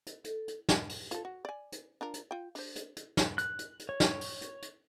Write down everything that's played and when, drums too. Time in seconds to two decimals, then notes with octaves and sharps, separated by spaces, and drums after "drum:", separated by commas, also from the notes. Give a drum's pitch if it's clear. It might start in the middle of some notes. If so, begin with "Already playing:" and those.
0.06 drum: hi-hat
0.24 A4, drum: hi-hat
0.48 drum: hi-hat
0.69 drum: snare
0.89 drum: open hi-hat
1.11 F4 A4, drum: hi-hat
1.25 F#4
1.45 D5 G#5
1.72 drum: hi-hat
2.01 D4 F4 A#4
2.14 drum: hi-hat
2.31 F4 G5
2.55 D4 C5, drum: open hi-hat
2.76 drum: hi-hat
2.97 drum: hi-hat
3.17 drum: snare
3.38 F#6, drum: hi-hat
3.59 drum: hi-hat
3.79 drum: hi-hat
3.89 C#5
4.00 drum: snare
4.21 drum: open hi-hat
4.42 drum: hi-hat
4.62 drum: hi-hat